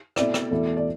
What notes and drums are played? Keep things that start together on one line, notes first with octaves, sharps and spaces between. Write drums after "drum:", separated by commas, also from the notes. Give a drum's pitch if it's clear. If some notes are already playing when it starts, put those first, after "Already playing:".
B2 A3 C4 E4 D5, drum: rim click
drum: rim click
E2 B2 A3 E4
D5